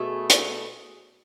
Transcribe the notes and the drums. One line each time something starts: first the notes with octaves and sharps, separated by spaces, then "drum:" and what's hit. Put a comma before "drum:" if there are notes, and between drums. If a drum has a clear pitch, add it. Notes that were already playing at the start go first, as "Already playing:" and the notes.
Already playing: B2 A3 G#4
drum: hi-hat